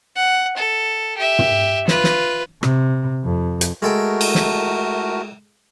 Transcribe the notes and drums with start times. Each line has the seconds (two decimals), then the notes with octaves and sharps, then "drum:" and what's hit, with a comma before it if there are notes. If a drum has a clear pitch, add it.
0.16 F#5
0.57 A4
1.18 G4 E5
1.39 drum: tom
1.88 F4 B4, drum: snare
2.04 drum: snare
2.63 C3, drum: rim click
3.24 F2
3.61 drum: hi-hat
3.82 G#3 A3 F#4 A4 A#4 G5
4.21 drum: cymbal
4.35 drum: snare